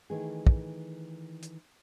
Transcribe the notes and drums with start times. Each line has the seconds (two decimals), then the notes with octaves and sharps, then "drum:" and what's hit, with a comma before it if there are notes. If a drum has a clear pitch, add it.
0.10 D#3 E3 A3 G#4
0.47 drum: kick
1.43 drum: hi-hat